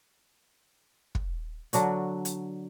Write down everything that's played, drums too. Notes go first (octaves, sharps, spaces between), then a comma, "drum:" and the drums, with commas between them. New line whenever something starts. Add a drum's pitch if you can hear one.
drum: kick
D3 F#3 D4 F#4, drum: hi-hat
drum: hi-hat